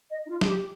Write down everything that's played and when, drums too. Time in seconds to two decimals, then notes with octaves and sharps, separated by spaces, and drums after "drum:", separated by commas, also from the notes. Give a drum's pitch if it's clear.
0.10 D#5
0.25 D#4
0.29 F4
0.41 G#4, drum: snare
0.47 G4